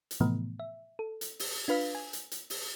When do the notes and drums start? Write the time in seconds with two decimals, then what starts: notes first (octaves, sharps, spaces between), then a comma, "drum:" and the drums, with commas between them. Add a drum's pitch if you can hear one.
0.11 drum: hi-hat
0.20 A2 C3 E3 F3 A3 B3
0.60 E5
0.99 A4
1.21 drum: hi-hat
1.39 drum: open hi-hat
1.68 D4 F4 B4 F5 B6
1.95 G#5
2.13 drum: hi-hat
2.31 drum: hi-hat
2.50 drum: open hi-hat